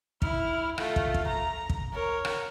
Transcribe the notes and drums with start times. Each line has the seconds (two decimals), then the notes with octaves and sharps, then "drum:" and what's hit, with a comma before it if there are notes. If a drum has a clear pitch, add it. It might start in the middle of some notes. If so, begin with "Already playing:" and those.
0.22 E4 F6, drum: kick
0.78 A3 F4, drum: rim click
0.96 drum: kick
1.14 drum: kick
1.28 A#5
1.69 drum: kick
1.93 A#4 C#5
2.25 drum: rim click